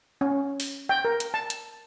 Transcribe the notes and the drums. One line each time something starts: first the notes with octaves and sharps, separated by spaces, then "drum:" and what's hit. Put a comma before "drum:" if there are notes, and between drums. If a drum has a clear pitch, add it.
C#4
drum: open hi-hat
G5
A#4
drum: hi-hat
A5
drum: hi-hat